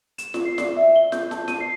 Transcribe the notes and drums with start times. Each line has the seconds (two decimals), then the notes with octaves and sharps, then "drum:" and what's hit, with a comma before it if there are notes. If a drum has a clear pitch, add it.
0.18 E7, drum: hi-hat
0.34 F4, drum: snare
0.45 C7
0.58 D5, drum: snare
0.76 E5
0.96 G7
1.12 G6, drum: snare
1.31 A5, drum: snare
1.48 D#7, drum: snare
1.60 C7